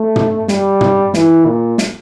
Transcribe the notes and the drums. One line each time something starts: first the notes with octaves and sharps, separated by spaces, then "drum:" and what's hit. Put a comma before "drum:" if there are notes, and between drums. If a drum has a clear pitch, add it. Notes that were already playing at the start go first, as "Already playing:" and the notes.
Already playing: A3
drum: tom
G3, drum: snare
drum: tom
E3, drum: snare
A#2
drum: snare